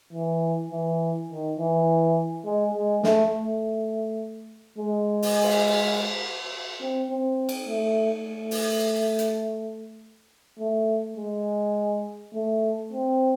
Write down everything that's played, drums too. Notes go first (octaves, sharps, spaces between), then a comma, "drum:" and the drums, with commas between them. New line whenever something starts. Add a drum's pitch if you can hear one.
E3
E3
D#3
E3
G#3
G#3
A3, drum: snare
A3
G#3
drum: open hi-hat
drum: cymbal
C4
C4
drum: cymbal
A3
A3
drum: open hi-hat
drum: hi-hat
A3
G#3
A3
C4